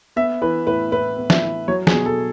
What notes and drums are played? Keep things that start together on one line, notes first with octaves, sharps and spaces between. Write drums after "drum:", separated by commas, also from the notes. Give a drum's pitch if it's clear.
B3 E5
E3 B4
A2 B4
A2 B4
B3
E5, drum: snare
E3
F#3 C#5
G#4, drum: snare
B2
A4